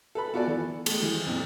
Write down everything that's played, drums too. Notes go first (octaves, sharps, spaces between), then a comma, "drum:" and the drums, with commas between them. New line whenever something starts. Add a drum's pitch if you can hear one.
A4 B4 B5
B3 F4 F#4 A4 D5 G#5
E3 B3
G#3 A3, drum: cymbal
E3 G3
F2 A#2